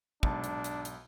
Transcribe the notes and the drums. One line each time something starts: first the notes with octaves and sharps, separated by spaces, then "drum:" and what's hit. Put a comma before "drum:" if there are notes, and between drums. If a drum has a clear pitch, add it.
B1 G#2 D4 A5, drum: kick
drum: hi-hat
drum: hi-hat
drum: hi-hat